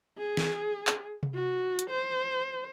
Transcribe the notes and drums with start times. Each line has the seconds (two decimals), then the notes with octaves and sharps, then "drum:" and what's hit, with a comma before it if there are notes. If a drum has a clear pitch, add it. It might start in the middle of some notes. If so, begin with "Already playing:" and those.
0.18 G#4
0.37 drum: snare
0.87 drum: clap
1.23 drum: tom C3
1.35 F#4
1.79 drum: hi-hat
1.90 C5